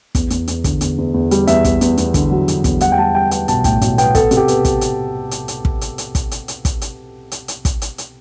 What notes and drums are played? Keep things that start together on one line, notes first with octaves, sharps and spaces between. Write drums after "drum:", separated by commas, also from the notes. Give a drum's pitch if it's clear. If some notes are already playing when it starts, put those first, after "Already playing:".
E2, drum: kick, hi-hat
E2, drum: hi-hat
E2, drum: hi-hat
D3, drum: kick, hi-hat
E2, drum: hi-hat
E2
E2
G3, drum: hi-hat
E2 E5, drum: hi-hat
E2, drum: kick, hi-hat
E2, drum: hi-hat
E2, drum: hi-hat
D3, drum: kick, hi-hat
F#3
D3, drum: hi-hat
E2, drum: kick, hi-hat
G3 F#5, drum: hi-hat
G5
G3 A5
G3 G5
B3 G5, drum: hi-hat
B1 A5, drum: hi-hat
A2 G5, drum: kick, hi-hat
B1, drum: hi-hat
B3 G5, drum: hi-hat
B3 A4, drum: kick, hi-hat
C3, drum: hi-hat
G4
B3, drum: hi-hat
drum: kick, hi-hat
drum: hi-hat
drum: hi-hat
drum: hi-hat
drum: kick
drum: hi-hat
drum: hi-hat
drum: kick, hi-hat
drum: hi-hat
drum: hi-hat
drum: kick, hi-hat
drum: hi-hat
drum: hi-hat
drum: hi-hat
drum: kick, hi-hat
drum: hi-hat
drum: hi-hat